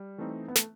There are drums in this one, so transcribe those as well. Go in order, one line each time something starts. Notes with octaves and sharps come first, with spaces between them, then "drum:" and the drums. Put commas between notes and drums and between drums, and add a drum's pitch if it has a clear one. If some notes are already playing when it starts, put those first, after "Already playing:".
Already playing: G3
E3 A3 C4 D#4
B3
A3, drum: snare